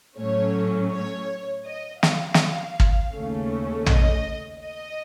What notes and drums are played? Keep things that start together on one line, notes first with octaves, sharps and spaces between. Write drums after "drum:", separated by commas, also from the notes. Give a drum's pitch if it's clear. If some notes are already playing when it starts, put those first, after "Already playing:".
A2 F#3 A3 C#4 C#5
C#5
D#5
F5, drum: snare
drum: snare
drum: kick
D#2 C#3 A3 C#4
D#5, drum: tom
D#5